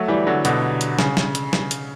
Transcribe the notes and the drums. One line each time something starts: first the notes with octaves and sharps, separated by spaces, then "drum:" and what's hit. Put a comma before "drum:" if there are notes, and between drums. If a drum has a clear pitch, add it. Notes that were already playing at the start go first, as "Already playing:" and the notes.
Already playing: F#3 A3
E3 G3
D3 F#3
B2 D3, drum: hi-hat
drum: hi-hat
C#3, drum: snare
drum: snare
drum: hi-hat
drum: snare
drum: hi-hat